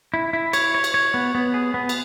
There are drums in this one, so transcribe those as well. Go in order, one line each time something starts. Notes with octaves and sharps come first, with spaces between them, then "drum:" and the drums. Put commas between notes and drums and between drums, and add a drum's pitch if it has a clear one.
E4
E4
C#5, drum: cymbal
C#5
drum: cymbal
C#5
B3
B3
G#4
B3
drum: cymbal